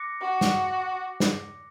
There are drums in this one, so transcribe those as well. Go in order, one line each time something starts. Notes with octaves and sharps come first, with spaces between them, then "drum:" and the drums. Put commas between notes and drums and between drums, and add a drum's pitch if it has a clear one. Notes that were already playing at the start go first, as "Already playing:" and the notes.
Already playing: D6 F#6 A#6 C#7
F#4
drum: snare
drum: snare